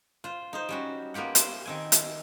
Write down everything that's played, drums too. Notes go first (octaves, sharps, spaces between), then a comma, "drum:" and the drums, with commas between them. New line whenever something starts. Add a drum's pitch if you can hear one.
F4 C5
D#4 C5
G3 C#4 F#4
A#3 B3 F4 G4 F#5
C5, drum: hi-hat
D#3 C4 G#5
drum: hi-hat